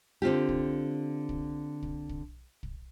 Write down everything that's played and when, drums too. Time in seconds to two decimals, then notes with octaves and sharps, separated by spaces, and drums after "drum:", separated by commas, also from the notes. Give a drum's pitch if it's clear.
0.22 D3 C4 F4 G4
0.49 drum: kick
1.29 drum: kick
1.83 drum: kick
2.09 drum: kick
2.63 drum: kick